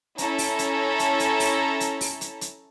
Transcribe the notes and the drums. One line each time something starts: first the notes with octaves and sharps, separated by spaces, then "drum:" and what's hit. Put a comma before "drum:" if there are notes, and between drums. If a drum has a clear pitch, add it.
C#4 E4 A4 A#5, drum: hi-hat
drum: open hi-hat
drum: hi-hat
drum: hi-hat
drum: hi-hat
drum: open hi-hat
drum: hi-hat
drum: open hi-hat
drum: hi-hat
drum: hi-hat